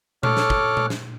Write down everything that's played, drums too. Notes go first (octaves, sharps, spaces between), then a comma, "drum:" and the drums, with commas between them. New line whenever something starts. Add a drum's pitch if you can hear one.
A4 C#5 D6 F6 F#6, drum: tom A#2
drum: snare
drum: kick
drum: tom A#2
drum: snare